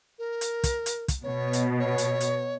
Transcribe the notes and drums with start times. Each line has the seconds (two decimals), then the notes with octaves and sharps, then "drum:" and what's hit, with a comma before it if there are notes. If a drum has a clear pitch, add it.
0.19 A#4
0.41 drum: hi-hat
0.64 drum: kick, hi-hat
0.86 drum: hi-hat
1.08 drum: kick, hi-hat
1.23 B2 C#5
1.53 drum: hi-hat
1.80 C#5
1.98 drum: hi-hat
2.20 drum: hi-hat